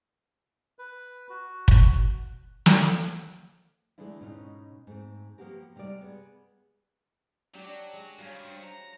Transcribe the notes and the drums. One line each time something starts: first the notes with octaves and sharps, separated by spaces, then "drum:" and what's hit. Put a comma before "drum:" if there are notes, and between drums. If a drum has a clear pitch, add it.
B4
F#4
drum: kick
drum: snare
D3 E3 G#3 A3 D4 E4
G#2 B2 C#4 D#4
G#2 A3 C4
F3 A#3 B3 F#4 G4 A#4
C3 G3 G#3 A#4 D5
B3 G#4
F#3 D4 G4
G#3
G2 F#3 F5 G#5
C5 F#5
A#5